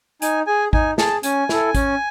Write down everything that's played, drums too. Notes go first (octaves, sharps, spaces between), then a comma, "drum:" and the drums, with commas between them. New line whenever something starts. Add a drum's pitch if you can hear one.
D#4 G#5, drum: hi-hat
G#4 G#5
D#4 G#5, drum: kick
G#4 A5, drum: snare
C#4 G#5, drum: hi-hat
E4 A4, drum: snare
C#4, drum: kick, hi-hat